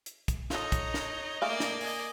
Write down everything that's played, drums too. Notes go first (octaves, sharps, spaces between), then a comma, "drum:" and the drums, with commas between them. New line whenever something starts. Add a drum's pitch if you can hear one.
drum: hi-hat
drum: kick, hi-hat
D#4 F4 A4 C#5 D#5 A#5, drum: snare
drum: kick, hi-hat
drum: snare
A3 A#3 G#4 D5 F5
drum: snare
D#5 G#5, drum: open hi-hat